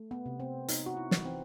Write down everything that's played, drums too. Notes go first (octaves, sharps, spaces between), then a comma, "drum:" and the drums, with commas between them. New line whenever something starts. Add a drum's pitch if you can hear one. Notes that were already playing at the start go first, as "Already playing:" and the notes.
Already playing: A3
B3
C3
C4
B3 D#4, drum: hi-hat
F#4
E4
E3, drum: snare
C4